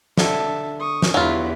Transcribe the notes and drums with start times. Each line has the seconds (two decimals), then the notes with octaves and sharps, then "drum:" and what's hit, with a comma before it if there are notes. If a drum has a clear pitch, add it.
0.18 D3 E5 A5, drum: snare
0.80 C#6 D#6
1.02 drum: snare
1.14 E2 F#3 E4 F4 G4 B4